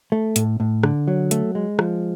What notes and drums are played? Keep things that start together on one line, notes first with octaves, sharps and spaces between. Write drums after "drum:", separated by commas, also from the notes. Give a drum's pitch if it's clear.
A3
A2, drum: hi-hat
A2
D3, drum: rim click
F#3
A3, drum: hi-hat
G#3
F3, drum: rim click